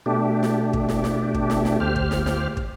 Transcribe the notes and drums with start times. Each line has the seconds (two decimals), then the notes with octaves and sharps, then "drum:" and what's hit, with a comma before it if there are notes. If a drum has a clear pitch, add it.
0.06 B2 A3 D4 G4
0.43 drum: snare
0.73 drum: kick
0.89 drum: snare
1.04 drum: snare
1.34 drum: kick
1.50 drum: snare
1.65 drum: snare
1.80 D2 G4 C5 F6
1.96 drum: kick
2.11 drum: snare
2.26 drum: snare
2.57 drum: kick